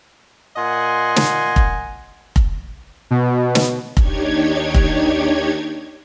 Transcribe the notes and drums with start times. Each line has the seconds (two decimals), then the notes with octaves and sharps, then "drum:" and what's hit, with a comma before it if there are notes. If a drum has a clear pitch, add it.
0.57 A#2 D#5 F#5 G#5 C6
1.16 drum: snare
1.56 drum: kick F1
2.36 drum: kick F1
3.11 B2
3.55 drum: snare
3.97 D#2 D4 D#4 G4 C#5 G#6, drum: kick F1
4.74 drum: kick F1